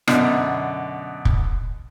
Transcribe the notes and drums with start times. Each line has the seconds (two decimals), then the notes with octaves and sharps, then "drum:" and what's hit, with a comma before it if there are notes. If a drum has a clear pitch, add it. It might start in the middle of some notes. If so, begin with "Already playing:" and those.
0.08 F#2 B2 D3, drum: rim click
1.25 drum: kick